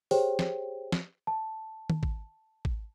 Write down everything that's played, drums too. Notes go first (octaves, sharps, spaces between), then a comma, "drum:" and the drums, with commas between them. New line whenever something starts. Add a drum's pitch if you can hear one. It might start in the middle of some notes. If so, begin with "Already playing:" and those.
G4 G#4 C5 C#5 G5, drum: open hi-hat
drum: snare
drum: snare
A5
drum: tom D#3
drum: kick
drum: kick